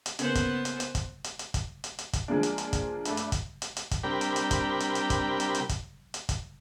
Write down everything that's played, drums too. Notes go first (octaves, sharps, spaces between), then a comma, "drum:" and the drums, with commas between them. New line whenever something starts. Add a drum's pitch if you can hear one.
drum: hi-hat
C#3 A#3 B3 C5, drum: hi-hat
drum: kick, hi-hat
drum: hi-hat
drum: hi-hat
drum: kick, hi-hat
drum: hi-hat
drum: hi-hat
drum: kick, hi-hat
drum: hi-hat
drum: hi-hat
drum: kick, hi-hat
F3 G#3 A#3 D4
drum: hi-hat
drum: hi-hat
drum: kick, hi-hat
G2 A3 D5, drum: hi-hat
drum: hi-hat
drum: kick, hi-hat
drum: hi-hat
drum: hi-hat
drum: kick, hi-hat
C3 G3 D4 A#4 G5 B5
drum: hi-hat
drum: hi-hat
drum: kick, hi-hat
drum: hi-hat
drum: hi-hat
drum: kick, hi-hat
drum: hi-hat
drum: hi-hat
drum: kick, hi-hat
drum: hi-hat
drum: kick, hi-hat